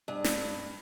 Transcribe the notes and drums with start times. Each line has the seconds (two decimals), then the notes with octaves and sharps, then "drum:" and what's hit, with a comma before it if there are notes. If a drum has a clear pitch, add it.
0.08 G2
0.24 drum: snare